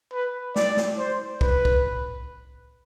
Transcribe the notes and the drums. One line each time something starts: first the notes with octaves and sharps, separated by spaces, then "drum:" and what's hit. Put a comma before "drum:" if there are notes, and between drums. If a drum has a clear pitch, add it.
B4
D5, drum: snare
drum: snare
C5
B4, drum: kick C2
drum: kick C2